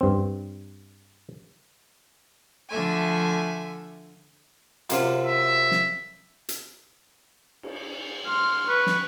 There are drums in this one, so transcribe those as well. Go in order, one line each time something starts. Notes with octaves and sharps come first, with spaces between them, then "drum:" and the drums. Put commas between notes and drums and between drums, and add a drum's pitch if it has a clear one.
G2 C4
D3 F3 A3 E5 G#5
F#2 C3 F4, drum: hi-hat
E5
drum: snare
drum: hi-hat
drum: cymbal
C6 F6
B4 C#6
drum: snare